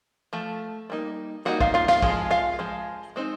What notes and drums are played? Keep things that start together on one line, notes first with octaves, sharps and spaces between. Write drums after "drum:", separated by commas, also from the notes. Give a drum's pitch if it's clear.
F3 A3
G3 A#3 D#4
G3 A#3 D#4 F#4 F#5
F4 F5, drum: kick
F4 F5
F4 F5, drum: snare
F3 G#3, drum: kick
F4 F5
F3 G#3
G#3 C4 D#4